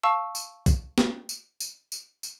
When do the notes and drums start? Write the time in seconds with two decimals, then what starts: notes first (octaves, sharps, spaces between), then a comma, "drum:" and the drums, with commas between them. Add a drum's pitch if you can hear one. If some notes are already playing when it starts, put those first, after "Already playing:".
0.03 F5 A5 C#6 E6
0.35 drum: tambourine
0.66 drum: kick, tambourine
0.98 drum: snare
1.29 drum: tambourine
1.60 drum: tambourine
1.92 drum: tambourine
2.23 drum: tambourine